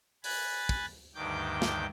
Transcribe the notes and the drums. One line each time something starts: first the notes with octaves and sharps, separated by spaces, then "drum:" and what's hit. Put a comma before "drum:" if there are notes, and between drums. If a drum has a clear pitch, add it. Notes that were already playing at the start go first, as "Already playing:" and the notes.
G#5 B5 F#6 A6, drum: open hi-hat
drum: kick
D2 G2 D#3 G5 D6 G6
drum: snare